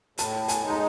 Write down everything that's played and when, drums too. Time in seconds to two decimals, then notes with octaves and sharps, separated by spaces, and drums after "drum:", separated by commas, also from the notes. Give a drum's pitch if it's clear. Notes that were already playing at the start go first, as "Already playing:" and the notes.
0.18 A2 A5, drum: hi-hat
0.48 G#5, drum: hi-hat
0.64 G#3 D#4
0.70 G#5